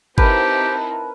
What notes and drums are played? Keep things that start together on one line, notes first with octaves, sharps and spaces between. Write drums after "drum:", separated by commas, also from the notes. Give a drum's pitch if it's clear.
C4 D#4 E4 G4 A#4 B4 A5, drum: kick G1